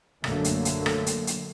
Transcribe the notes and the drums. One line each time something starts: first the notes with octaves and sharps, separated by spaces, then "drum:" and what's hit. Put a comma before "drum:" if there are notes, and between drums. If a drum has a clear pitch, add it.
A#1 F#2 D3 F#3 A3 A#3, drum: rim click
drum: hi-hat
drum: hi-hat
drum: rim click
drum: hi-hat
drum: hi-hat